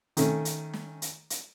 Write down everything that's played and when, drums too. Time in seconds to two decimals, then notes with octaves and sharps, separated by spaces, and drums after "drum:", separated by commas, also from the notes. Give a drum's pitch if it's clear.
0.17 D#3 A3 C#4, drum: hi-hat
0.45 drum: hi-hat
0.73 drum: snare
1.02 drum: hi-hat
1.30 drum: hi-hat